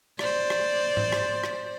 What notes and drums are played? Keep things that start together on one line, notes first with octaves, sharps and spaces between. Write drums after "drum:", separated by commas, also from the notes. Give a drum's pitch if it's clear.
C5 D5, drum: rim click
drum: rim click
drum: tom G#2
drum: rim click
drum: rim click